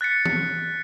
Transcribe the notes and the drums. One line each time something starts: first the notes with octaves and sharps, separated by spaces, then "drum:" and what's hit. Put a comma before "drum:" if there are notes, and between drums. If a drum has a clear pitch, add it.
F#6 A6 B6 C#7
drum: tom E3